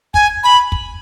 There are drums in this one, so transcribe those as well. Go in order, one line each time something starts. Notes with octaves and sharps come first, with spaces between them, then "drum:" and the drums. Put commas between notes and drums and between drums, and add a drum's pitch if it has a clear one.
G#5, drum: kick
B5
drum: kick